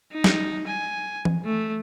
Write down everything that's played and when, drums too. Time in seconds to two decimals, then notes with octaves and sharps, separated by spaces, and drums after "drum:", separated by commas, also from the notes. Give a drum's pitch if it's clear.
0.12 D#4
0.24 drum: snare
0.67 G#5
1.25 drum: tom E3
1.45 A3